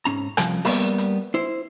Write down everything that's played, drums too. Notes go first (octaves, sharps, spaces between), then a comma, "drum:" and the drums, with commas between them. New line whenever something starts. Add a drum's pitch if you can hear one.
G#2 C#4 A#5
C2 F3, drum: rim click
G3 A#3 B3 A#4, drum: open hi-hat
drum: hi-hat
E4 C5